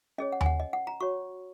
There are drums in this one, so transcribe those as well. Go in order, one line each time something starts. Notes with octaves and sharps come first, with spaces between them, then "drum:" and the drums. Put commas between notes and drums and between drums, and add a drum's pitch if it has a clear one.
C#4 G#4 C#5 D#5
F#5
G#5, drum: tom D#2
F#5
D#5
F#5
A#5
F#4 C#5 C#6